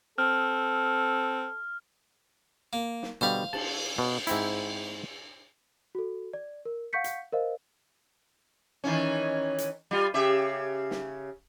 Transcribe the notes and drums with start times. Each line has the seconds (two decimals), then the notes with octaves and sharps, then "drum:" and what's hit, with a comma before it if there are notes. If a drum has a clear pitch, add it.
0.18 C4 A4 F6
2.73 A#3
3.03 drum: snare
3.21 B2 D3 G3 C5 F5
3.53 A5, drum: cymbal
3.98 B2
4.27 G#2 C4 E4, drum: hi-hat
5.95 F#4 A4
6.33 D5
6.65 A#4
6.93 F5 F#5 C#6 G6 B6 C#7
7.04 drum: hi-hat
7.32 A#4 C5 D#5 F5
8.84 D#3 E3 C#4
9.58 drum: hi-hat
9.91 G3 F4
10.14 C#3 G4 E5
10.91 drum: snare